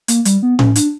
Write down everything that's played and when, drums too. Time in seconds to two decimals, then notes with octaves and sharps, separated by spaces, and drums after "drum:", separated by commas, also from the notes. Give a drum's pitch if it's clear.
0.08 A#3, drum: hi-hat
0.25 G3, drum: hi-hat
0.43 B3
0.59 C#4, drum: tom A2
0.76 D4, drum: hi-hat